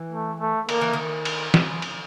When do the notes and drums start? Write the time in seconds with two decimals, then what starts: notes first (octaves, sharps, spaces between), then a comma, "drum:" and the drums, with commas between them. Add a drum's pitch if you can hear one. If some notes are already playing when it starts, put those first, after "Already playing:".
Already playing: E3
0.12 A3
0.40 A3
0.69 D#3 A#3, drum: cymbal
0.81 E3
0.93 D#3
1.25 drum: cymbal
1.54 drum: snare
1.82 drum: cymbal